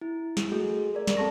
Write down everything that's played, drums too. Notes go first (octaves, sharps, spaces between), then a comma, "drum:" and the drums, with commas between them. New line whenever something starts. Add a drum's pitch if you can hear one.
E4
drum: snare
A3 F#4 G#4
A#4 D5
drum: snare
C4 A4 A5 C#6 A#6